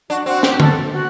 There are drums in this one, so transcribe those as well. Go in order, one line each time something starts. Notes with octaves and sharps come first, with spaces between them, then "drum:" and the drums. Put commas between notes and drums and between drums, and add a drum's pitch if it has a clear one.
D4 F#4
C4 F#4
G4, drum: snare
A4, drum: tom
F#4